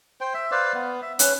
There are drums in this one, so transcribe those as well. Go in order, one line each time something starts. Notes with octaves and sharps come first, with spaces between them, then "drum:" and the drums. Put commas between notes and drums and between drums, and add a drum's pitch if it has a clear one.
C5 G5
E5
B4 C5 D5 F5
B3
E5
C#4 B4, drum: hi-hat